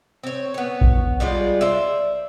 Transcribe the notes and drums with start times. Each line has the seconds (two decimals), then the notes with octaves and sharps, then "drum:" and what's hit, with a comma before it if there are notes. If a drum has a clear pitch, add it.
0.24 C4 C#5
0.54 B3 C#5
0.81 drum: kick A1
1.20 G3 G#3 F4 D5
1.61 C5 D5 E5